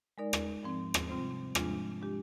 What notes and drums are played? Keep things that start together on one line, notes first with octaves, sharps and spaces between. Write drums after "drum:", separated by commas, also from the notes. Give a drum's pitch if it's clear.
G#3 D#4 A#4 D5
drum: rim click
G#2 F3 C4
drum: rim click
C3 G3 C4 F4 C5
G#2 F3 G#3 D4 F4, drum: rim click
G#3 D4 G4